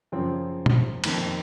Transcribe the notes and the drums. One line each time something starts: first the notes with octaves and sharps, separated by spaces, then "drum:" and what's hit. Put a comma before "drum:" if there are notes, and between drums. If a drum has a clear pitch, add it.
F#2 C#3 F3 C4
drum: tom
F2 D#3 A#3, drum: cymbal